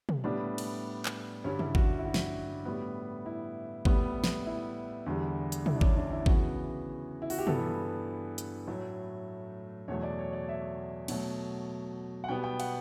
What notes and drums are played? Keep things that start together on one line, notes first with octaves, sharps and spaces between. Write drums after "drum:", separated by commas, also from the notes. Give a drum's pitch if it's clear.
drum: tom
A2 G3 B3 D4
drum: cymbal
drum: clap
G2 D3 G3 C#4
E4, drum: tom C3
F#4, drum: kick G#1
E4
F#4
drum: snare
A2 G3 B3
E4
A2 G3 B3, drum: kick G#1
drum: snare
E4
E2 D3 G3
drum: hi-hat
E4, drum: tom
D4
C#4, drum: kick G#1
D4
E4
C#3 E3 B3 F#4, drum: kick G#1
E4
F#4, drum: open hi-hat
G4
G2 E3 B3 A4, drum: tom
drum: hi-hat
A2 F#3 A3
E2 B2 F#3 A3 C#5
D5
C#5
D5
E5
B2 F#3 A3, drum: cymbal
F#5
B2 G3 B3 G5
G5
F#5, drum: cymbal